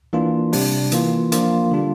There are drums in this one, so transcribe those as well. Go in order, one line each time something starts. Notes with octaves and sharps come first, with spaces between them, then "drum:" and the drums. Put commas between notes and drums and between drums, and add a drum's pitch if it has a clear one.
E3 A#3 D4 F4
C3 G3 D4, drum: open hi-hat
E3 A#3 F4, drum: hi-hat
F3 A#3 D4 F4, drum: hi-hat
D3 G3 D4 F4